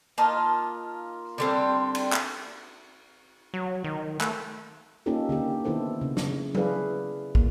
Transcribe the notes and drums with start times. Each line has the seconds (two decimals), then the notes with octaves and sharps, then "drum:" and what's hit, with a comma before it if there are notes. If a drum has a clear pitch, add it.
0.18 A#3 D#4 F4 A5
1.38 D3 G3 C4
1.95 drum: cymbal
2.13 drum: clap
3.54 F#3
3.84 D#3
4.21 A3, drum: clap
5.06 A#3 C#4 D#4 F4 G4 A4
5.29 D3 A#3 G4
5.65 D#3 B3 E4 A4 C5
6.01 C#3
6.17 drum: snare
6.55 E4 G#4 A4 B4 D5 F5, drum: tom F#3
7.35 A#3, drum: kick